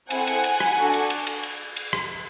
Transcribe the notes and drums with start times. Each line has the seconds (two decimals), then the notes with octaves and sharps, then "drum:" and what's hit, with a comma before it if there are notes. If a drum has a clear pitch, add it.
0.10 C4 E4 A4 F#5 G#5, drum: cymbal
0.27 drum: cymbal
0.44 drum: cymbal
0.60 drum: rim click
0.78 D4 F#4 A4
0.94 drum: cymbal
1.10 drum: cymbal
1.27 drum: cymbal
1.43 drum: cymbal
1.76 drum: cymbal
1.93 drum: rim click